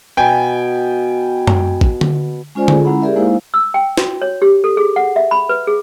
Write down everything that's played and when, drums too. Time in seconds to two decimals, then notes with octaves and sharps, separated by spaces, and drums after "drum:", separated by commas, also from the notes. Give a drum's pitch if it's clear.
0.17 B2 G5 G#5
1.47 drum: tom F#2
1.81 drum: kick
2.01 drum: tom D3
2.55 G#3 C#4 F4 C5 D5 G#5
2.68 F4 G#4 A4, drum: tom D3
2.84 G#3 C#4 E4 F#5 A#5 B5
3.02 G4 G#4 A#4 D5 E5
3.16 G#3 A#3 D#4 E4 C5 F5
3.54 E6
3.74 G5
3.98 F#4, drum: snare
4.22 C#5
4.42 G4
4.64 A4
4.77 G#4
4.96 F#5
5.16 E5
5.31 B5
5.49 B4
5.67 G#4